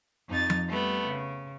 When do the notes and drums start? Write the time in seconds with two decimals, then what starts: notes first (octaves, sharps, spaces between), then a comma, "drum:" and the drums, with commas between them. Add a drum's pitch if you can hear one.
0.29 F2 D#4 A6
0.50 drum: tom F3
0.68 G3 A3 B3
1.07 C#3